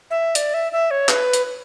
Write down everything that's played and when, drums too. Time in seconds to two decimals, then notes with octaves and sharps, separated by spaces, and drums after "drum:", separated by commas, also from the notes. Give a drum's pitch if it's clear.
0.11 E5
0.35 D5, drum: hi-hat
0.54 E5
0.72 E5
0.91 C#5
1.09 B4, drum: clap
1.33 drum: hi-hat